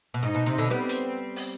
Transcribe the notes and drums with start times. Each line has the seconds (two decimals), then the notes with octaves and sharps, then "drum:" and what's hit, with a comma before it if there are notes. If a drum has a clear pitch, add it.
0.14 B2
0.23 G#2 D#4
0.35 B2
0.46 C3
0.58 B2 D3
0.70 G3 B3 C4
0.89 drum: hi-hat
1.36 drum: open hi-hat